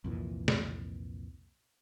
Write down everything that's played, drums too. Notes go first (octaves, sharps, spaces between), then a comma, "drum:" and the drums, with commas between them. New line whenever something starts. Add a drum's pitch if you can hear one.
C2 F2 A#2 E3
drum: snare